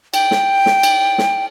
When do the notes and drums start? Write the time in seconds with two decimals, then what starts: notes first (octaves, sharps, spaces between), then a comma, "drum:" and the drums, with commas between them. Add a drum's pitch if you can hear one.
0.14 G5, drum: cymbal
0.31 drum: snare
0.66 drum: snare
0.83 drum: cymbal
1.18 drum: snare